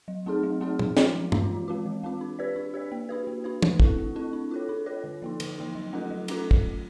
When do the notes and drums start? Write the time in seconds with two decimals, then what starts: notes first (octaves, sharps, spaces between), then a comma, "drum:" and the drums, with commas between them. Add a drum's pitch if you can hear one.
0.08 F#3
0.26 A3 C4 D#4 G#4
0.43 F#3
0.61 A3 C4 D#4 G#4
0.79 F3, drum: tom
0.97 G#3 C#4 F4, drum: snare
1.14 F3
1.32 G#3 C#4 F4, drum: tom
1.50 E3
1.68 G#3 C4 F4
1.86 E3
2.03 G#3 C4 F4
2.21 D4
2.39 G4 B4 D5
2.56 D4
2.74 G4 B4 D5
2.92 A#3
3.09 D4 F#4 B4
3.27 A#3
3.44 D4 F#4 B4
3.62 A3, drum: tom
3.80 C4 E4 A4, drum: kick
3.98 A3
4.16 C4 E4 A4
4.33 D4
4.51 F4 A4 C#5
4.69 D4
4.86 F4 A4 C#5
5.04 D3
5.22 F3 A#3 D#4
5.40 D3, drum: cymbal
5.58 F3 A#3 D#4
5.75 F#3
5.93 A3 C#4 F4 A4
6.11 F#3
6.28 A3 C#4 F4 A4, drum: cymbal
6.51 drum: kick